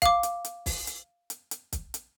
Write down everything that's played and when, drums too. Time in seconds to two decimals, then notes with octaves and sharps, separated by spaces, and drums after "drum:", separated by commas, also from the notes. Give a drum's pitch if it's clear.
0.02 F5 D6, drum: kick, hi-hat
0.23 drum: hi-hat
0.45 drum: hi-hat
0.66 drum: kick, open hi-hat
0.87 drum: hi-hat
1.30 drum: hi-hat
1.51 drum: hi-hat
1.73 drum: kick, hi-hat
1.94 drum: hi-hat